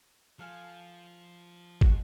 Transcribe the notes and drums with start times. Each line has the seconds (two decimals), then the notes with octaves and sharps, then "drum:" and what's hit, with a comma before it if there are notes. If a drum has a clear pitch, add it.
0.39 F3 A4 F5 G#5
1.81 G#3 F#4, drum: kick